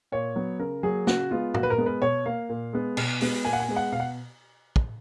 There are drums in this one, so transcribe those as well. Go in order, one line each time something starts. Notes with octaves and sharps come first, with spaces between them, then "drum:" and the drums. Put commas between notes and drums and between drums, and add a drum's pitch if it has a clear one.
A#2 C#5
F#3 B3
C#3 A#4
F#3 A#3 G#4
C#3 F#4, drum: snare
G#3 B3 F4
A#2 F#4, drum: tom G2
B4
A#4
G#3 B3
B4
B2 C#5
A#3 F5
A#2
G#3 B3
B2, drum: cymbal
G#3 B3, drum: open hi-hat
A#2 G#5
F#5
G#5
G#3 B3
F#5
B2 F5
F#5
drum: kick